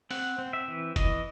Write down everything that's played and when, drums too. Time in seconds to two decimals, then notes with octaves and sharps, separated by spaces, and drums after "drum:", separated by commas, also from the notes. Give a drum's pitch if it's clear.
0.11 C4 F#5, drum: open hi-hat
0.38 C4
0.53 E5
0.68 E3
0.96 E3 D#5, drum: kick, hi-hat